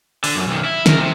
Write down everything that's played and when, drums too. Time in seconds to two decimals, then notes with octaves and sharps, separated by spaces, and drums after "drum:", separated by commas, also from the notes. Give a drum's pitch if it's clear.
0.24 D3, drum: open hi-hat
0.36 F#2
0.48 B1 D#3
0.65 E4
0.86 C#3 A#4, drum: snare
0.99 C3